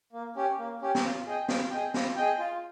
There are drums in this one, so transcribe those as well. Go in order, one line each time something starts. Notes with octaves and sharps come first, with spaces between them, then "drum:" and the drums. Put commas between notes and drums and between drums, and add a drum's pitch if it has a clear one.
A#3
C#4 G4
A#3
C#4 G4
drum: snare
F4
G#4 D#5 G5
F4, drum: snare
G#4 D#5 G5
F4, drum: snare
G#4 D#5 G5
F4